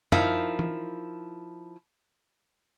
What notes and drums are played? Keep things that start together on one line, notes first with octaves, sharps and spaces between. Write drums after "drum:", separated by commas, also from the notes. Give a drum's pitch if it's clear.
F3 D#4 E4 A#4 F5, drum: tom
drum: tom